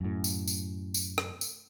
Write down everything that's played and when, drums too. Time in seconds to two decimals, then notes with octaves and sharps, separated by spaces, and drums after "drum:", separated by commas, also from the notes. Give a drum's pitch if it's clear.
0.01 F#2 A2
0.24 drum: tambourine
0.48 drum: tambourine
0.94 drum: tambourine
1.18 drum: rim click
1.41 drum: tambourine